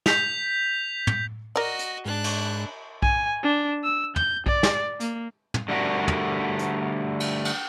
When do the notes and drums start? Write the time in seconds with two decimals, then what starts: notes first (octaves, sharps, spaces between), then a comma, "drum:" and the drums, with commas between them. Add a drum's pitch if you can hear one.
0.06 G6 B6 F7, drum: snare
1.07 drum: tom
1.56 F#4 A#4 D5 D#5
1.79 drum: hi-hat
2.05 G#2 D4 F#6
2.24 drum: cymbal
3.02 G#5, drum: kick B1
3.43 D4
3.84 E6
4.16 G6, drum: tom
4.46 D5, drum: kick B1
4.63 drum: snare
5.00 A#3, drum: hi-hat
5.54 drum: tom
5.68 D3 G3 A3 F#4 A#4
6.08 drum: tom
6.59 drum: hi-hat
7.20 drum: cymbal
7.45 drum: cymbal